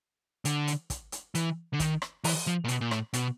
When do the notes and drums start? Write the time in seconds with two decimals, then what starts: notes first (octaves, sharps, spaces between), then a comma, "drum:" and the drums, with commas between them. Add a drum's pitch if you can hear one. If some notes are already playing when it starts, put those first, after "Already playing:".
0.45 D3, drum: hi-hat
0.67 drum: hi-hat
0.90 drum: kick, hi-hat
1.12 drum: hi-hat
1.35 E3, drum: hi-hat
1.73 D3
1.80 D#3, drum: kick, hi-hat
2.02 drum: rim click
2.24 E3, drum: open hi-hat
2.47 F3
2.64 A#2
2.68 B2, drum: hi-hat
2.81 A#2
2.91 A2, drum: rim click
3.13 B2, drum: hi-hat